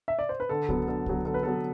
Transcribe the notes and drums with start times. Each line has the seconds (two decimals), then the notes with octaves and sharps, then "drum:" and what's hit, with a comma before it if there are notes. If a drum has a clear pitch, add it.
0.08 E5
0.19 D5
0.29 C5
0.40 B4
0.49 D3 A4
0.69 F#3 B3, drum: kick C2
0.88 D3 A4
1.06 F#3 B3, drum: kick C2
1.25 D3 A4
1.34 B4
1.43 F#3 B3 A4